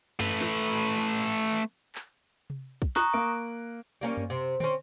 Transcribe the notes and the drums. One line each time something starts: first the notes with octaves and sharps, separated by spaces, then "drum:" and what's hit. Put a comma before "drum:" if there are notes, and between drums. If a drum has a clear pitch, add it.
A3 B4, drum: tom F#2
drum: snare
drum: open hi-hat
drum: clap
drum: tom C3
drum: kick
A#5 C#6 D#6 F#6, drum: snare
A#3 D7
G3 A#3 C#4
drum: tom F#2
C3
C4 C#4, drum: tom